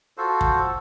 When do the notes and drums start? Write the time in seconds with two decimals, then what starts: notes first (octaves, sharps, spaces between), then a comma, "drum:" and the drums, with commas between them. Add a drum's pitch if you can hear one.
0.18 F4 F#4 A4 C5
0.41 drum: kick